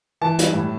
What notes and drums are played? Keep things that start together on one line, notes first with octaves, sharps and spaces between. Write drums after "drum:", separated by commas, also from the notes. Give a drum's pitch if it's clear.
E3 A5
G3, drum: hi-hat
A2